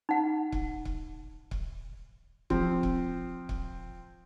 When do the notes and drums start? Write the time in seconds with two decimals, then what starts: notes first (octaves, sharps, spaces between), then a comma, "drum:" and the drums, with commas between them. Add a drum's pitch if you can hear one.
0.09 D#4 F#5
0.52 drum: kick C#1
0.85 drum: kick C#1
1.51 drum: kick C#1
2.50 F3 C4, drum: kick C#1
2.83 drum: kick C#1
3.49 drum: kick C#1